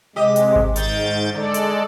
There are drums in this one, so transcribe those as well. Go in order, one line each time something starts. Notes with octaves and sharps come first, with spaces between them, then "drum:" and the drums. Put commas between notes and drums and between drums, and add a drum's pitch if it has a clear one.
C3 G#3 G4 D#5
drum: hi-hat
drum: kick G#1
G#2 D#3 G6 A6, drum: hi-hat
D3 G#3 A4 D5
drum: hi-hat